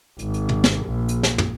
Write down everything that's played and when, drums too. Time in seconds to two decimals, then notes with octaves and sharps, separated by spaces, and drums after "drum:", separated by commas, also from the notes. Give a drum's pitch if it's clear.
0.19 G#1, drum: hi-hat
0.34 drum: hi-hat
0.49 drum: tom
0.64 drum: snare
0.86 A#1
1.08 drum: hi-hat
1.23 drum: snare
1.38 drum: tom